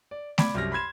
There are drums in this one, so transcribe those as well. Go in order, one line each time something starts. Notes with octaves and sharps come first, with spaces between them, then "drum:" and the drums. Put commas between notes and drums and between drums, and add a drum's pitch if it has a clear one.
D5
D5 B5 D6 G#6, drum: snare A3
C2 F#2 G4 F6 A#6
B5 C6 G#6 E7